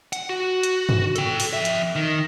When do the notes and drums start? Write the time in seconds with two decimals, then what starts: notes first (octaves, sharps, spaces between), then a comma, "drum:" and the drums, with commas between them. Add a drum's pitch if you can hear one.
0.13 F#5, drum: hi-hat
0.29 F#4
0.63 drum: hi-hat
0.89 drum: tom G2
1.16 A4 G5, drum: hi-hat
1.40 drum: open hi-hat
1.53 F2 E5
1.65 drum: hi-hat
1.96 D#3